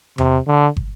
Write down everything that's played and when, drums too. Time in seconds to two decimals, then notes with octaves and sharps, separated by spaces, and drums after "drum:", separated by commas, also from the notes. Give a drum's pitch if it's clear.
0.18 C3, drum: tom E2
0.47 D3
0.77 drum: kick